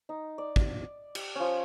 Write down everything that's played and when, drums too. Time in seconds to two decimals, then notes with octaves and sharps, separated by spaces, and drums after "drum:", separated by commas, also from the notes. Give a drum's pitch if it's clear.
0.09 D#4
0.38 D5
0.56 drum: kick
1.15 G4, drum: cymbal
1.35 F3 C#4